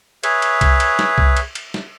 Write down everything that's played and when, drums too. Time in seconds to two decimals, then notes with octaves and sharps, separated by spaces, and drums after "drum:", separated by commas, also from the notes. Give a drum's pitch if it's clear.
0.23 G#4 B4 C#5 E5, drum: cymbal
0.42 drum: cymbal
0.61 drum: kick C2, cymbal
0.80 drum: cymbal
0.99 drum: snare
1.18 drum: kick C2
1.37 drum: cymbal
1.55 drum: cymbal
1.74 drum: snare